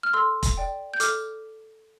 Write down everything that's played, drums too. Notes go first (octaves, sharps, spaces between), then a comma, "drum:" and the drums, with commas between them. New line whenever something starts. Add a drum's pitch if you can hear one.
F6
A4 C6 E6
drum: kick F1, hi-hat
D5 G5
G6
A4 D6 F6, drum: hi-hat